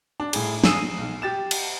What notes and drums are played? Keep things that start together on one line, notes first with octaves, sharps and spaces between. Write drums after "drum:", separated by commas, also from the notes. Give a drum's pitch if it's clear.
D4
A2 G#4, drum: cymbal
G#5 D#6 E6 C7 D#7 E7, drum: snare
B1
G4 A6 E7
drum: cymbal